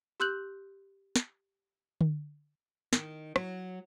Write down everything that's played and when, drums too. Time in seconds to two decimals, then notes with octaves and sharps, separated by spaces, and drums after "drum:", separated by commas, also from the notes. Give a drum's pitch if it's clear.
0.20 G4 C6 E6 F#6 G6 F#7
1.16 drum: snare
2.01 drum: tom D3
2.93 D#3, drum: snare
3.36 F#3, drum: rim click